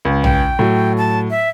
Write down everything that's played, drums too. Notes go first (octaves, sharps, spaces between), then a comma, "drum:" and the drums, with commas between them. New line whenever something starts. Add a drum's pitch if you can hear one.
C#2
G5, drum: tom A#1
A2 F#3
A5
E5